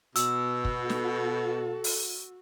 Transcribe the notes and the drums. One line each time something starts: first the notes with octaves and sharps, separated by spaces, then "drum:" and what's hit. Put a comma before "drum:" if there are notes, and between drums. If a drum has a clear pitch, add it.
B2 F#4 E6, drum: hi-hat
drum: kick
A4, drum: snare
drum: open hi-hat